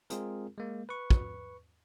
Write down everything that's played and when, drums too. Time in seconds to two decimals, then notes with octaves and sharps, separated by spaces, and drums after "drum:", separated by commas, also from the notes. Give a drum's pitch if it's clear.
0.10 G#3 C4 F4 G#4 A#4, drum: hi-hat
0.57 G#3 A#3
0.89 B4 C#6
1.10 drum: kick